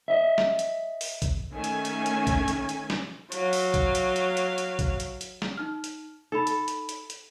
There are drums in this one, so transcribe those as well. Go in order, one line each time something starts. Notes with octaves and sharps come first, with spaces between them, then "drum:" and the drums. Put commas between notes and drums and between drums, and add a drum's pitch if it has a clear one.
D#5 E5
drum: snare
drum: hi-hat
drum: open hi-hat
drum: kick, hi-hat
D#3 A3 C#4 G#5
drum: hi-hat
drum: hi-hat
drum: hi-hat
drum: kick, hi-hat
drum: hi-hat
drum: hi-hat
drum: snare
F#3 F5, drum: hi-hat
drum: open hi-hat
drum: kick, hi-hat
drum: hi-hat
drum: hi-hat
drum: hi-hat
drum: hi-hat
drum: kick, hi-hat
drum: hi-hat
drum: hi-hat
drum: snare
D#4 F6
drum: hi-hat
D#4 A4 B5
drum: hi-hat
drum: hi-hat
drum: hi-hat
drum: hi-hat